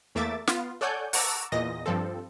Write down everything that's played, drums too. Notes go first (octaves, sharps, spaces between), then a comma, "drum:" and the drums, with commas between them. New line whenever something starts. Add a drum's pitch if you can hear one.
E2 A3 A#3 E5 D6 A6
B3 F4, drum: snare
A4 C#5 D5 F#5 G#5 G6
F#5 A5 A#5 C#6 D6 E6, drum: open hi-hat
E2 A#2 D#5 A#6
G2 F3 C4 A4